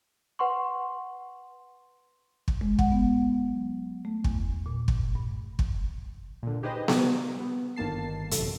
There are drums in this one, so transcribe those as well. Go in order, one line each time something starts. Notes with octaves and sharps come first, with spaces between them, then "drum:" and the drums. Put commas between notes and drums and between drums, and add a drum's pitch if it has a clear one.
B4 F#5 C6 C#6
drum: kick
G#3
F#5, drum: kick
B3
F#3
A3
E2, drum: kick
A#2
drum: kick
G2
drum: kick
A#2 D3
D#4 G4 G#4 B4 C5 D#5
G3, drum: snare B3
B3
G1 D#3 A#3 A5 C7
A1 F#2 C3 A4, drum: hi-hat